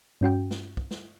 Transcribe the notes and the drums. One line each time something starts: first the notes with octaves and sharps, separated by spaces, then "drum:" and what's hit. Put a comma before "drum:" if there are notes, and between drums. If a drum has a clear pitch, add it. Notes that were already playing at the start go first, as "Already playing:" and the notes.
G2 C#4 F#4 G5
drum: snare
drum: kick
drum: snare